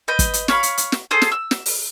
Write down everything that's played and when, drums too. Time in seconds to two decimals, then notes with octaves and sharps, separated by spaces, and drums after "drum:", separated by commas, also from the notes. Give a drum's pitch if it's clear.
0.08 B4 D#5 G6
0.19 drum: kick, hi-hat
0.33 drum: hi-hat
0.48 C#5 F5 B5, drum: snare
0.63 drum: hi-hat
0.78 drum: hi-hat
0.92 drum: snare
1.11 G#4 A4 C5 D#6
1.22 drum: snare
1.32 E6
1.51 drum: snare
1.66 drum: open hi-hat